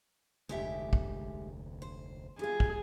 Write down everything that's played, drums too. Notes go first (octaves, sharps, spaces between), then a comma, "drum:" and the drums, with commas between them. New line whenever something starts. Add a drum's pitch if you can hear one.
F1 D2 G#3 G4 E5
drum: kick
C5
G3 F4 G#4
drum: kick